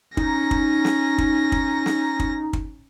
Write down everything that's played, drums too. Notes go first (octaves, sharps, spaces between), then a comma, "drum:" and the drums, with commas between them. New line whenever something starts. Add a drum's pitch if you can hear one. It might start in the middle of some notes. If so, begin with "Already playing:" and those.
C#4 D#4 A#6, drum: kick
drum: kick
drum: snare
drum: kick
drum: kick
drum: snare
drum: kick
drum: kick